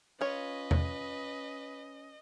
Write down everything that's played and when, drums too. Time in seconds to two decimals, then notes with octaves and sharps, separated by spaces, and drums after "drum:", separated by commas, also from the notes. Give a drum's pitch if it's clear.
0.21 C#4 F4 B4 C#5 D#5
0.71 drum: tom E2